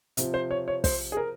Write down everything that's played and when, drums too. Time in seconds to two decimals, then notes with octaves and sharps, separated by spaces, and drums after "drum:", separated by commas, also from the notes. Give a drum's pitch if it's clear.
0.17 C3 F3, drum: hi-hat
0.34 C5
0.51 C#5
0.68 C#5
0.84 C5, drum: kick, open hi-hat
1.12 G#4
1.17 A#4